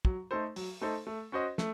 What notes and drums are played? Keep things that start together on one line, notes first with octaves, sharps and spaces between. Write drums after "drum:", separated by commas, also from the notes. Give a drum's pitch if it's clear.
F#3, drum: kick
A3 D#4 A4 C5
F#3, drum: open hi-hat
A3 D#4 A4 C5
A3
C#4 F#4 C5 D#5
A3, drum: snare